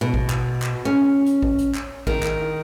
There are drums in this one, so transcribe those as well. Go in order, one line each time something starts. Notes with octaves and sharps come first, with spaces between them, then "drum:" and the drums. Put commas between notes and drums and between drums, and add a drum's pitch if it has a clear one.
B2
drum: kick
drum: clap
drum: clap
C#4
drum: hi-hat
drum: kick
drum: hi-hat
drum: clap
D#3, drum: kick
drum: clap